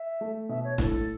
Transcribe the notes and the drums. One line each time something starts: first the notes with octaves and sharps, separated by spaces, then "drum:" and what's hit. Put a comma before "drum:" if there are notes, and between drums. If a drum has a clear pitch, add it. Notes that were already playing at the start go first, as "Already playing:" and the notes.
Already playing: E5
A3
B2 E5
C#5
A2 A4, drum: snare E1
A2